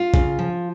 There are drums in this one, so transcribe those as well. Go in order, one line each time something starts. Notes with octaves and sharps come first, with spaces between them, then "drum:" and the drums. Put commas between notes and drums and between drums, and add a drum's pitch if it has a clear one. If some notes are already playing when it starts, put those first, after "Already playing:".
Already playing: F4
C#3, drum: kick
F3